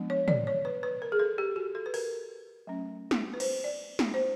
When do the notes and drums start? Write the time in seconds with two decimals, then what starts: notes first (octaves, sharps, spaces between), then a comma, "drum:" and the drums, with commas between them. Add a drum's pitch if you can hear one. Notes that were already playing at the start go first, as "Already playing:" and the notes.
Already playing: F3 G#3 B3 D4
0.10 C#5
0.28 D5, drum: tom
0.47 C#5
0.65 B4
0.83 B4
1.02 A#4
1.12 G#4
1.19 A4
1.38 G4
1.56 F#4
1.75 A4
1.86 B4
1.94 A#4, drum: open hi-hat
2.67 F#3 A3 C#4
3.11 drum: snare
3.34 B4
3.40 C5, drum: cymbal
3.64 D5
3.99 drum: snare
4.14 C5